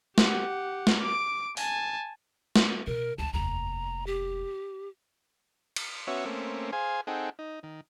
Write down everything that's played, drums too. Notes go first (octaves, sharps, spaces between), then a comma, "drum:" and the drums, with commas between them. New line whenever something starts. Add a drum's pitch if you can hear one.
G4 F#5, drum: snare
drum: snare
D6 D7
G#5 A5, drum: open hi-hat
drum: snare
B2 A#4
D2 D#3 A5
F1 D#2 A#5
G4
drum: cymbal
B3 C#4 F#4 C#5 E5
A3 A#3 C4 C#4
G#4 C5 F5 G#5
C4 D#4 G#4 A4 F#5 G5
D#4
D#3